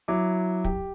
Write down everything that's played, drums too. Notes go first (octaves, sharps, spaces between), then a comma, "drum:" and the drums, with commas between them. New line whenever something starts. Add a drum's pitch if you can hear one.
F#3 E4 D6
G4, drum: kick